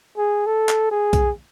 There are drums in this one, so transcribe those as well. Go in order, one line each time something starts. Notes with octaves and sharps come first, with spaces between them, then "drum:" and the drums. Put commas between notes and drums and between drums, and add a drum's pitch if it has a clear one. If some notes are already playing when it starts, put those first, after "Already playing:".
G#4
A4
drum: clap
G#4
drum: kick B1, hi-hat